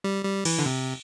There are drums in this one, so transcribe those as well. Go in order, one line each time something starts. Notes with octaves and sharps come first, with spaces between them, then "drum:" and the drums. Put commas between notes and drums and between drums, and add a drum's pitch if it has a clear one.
G3
G3
E3, drum: cymbal
D3
C3